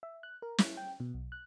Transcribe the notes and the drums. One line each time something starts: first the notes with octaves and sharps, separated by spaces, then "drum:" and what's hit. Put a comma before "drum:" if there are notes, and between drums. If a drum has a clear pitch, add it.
E5
F#6
A#4
E4, drum: snare
G5
B2
B1
F#6